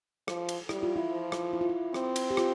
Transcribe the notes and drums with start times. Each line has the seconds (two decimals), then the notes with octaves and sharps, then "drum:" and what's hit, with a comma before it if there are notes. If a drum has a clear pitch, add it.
0.28 F3, drum: rim click
0.49 drum: cymbal
0.69 G3 E4, drum: rim click
0.83 F4
0.96 E4
1.12 F3
1.32 drum: rim click
1.53 E4
1.61 F4
1.69 E4
1.94 C4, drum: rim click
2.16 drum: cymbal
2.31 G4
2.37 F4, drum: rim click